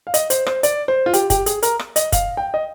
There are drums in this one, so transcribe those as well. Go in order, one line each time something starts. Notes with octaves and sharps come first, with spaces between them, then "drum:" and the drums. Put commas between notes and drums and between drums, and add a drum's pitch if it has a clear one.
F5
D#5, drum: hi-hat
C5, drum: hi-hat
C5, drum: rim click
D5, drum: hi-hat
C5
F4
G4, drum: hi-hat
G4, drum: kick, hi-hat
G#4, drum: hi-hat
A#4, drum: hi-hat
drum: rim click
D#5, drum: hi-hat
F5, drum: kick, hi-hat
G5
D#5